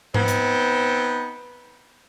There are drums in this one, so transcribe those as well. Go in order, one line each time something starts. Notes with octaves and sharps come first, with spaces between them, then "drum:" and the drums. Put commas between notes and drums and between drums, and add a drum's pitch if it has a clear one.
B3 C4 D#4, drum: tom G#2
drum: hi-hat